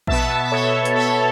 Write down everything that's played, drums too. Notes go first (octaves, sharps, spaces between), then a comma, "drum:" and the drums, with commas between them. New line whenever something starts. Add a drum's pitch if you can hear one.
B2 B3 E5 A5, drum: kick A#1
E5
A4 C#5
drum: hi-hat
A4 C#5